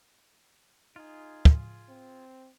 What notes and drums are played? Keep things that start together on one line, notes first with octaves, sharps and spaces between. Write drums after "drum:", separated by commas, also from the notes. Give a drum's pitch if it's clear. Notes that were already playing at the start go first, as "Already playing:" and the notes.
D#4 F4 G#4
drum: kick
C4